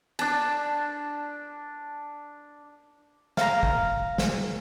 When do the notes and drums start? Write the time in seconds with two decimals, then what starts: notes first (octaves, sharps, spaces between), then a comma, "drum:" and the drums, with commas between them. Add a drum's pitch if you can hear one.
0.19 D4 A5, drum: cymbal
3.37 F5 A#5, drum: snare
3.63 drum: kick
4.18 drum: snare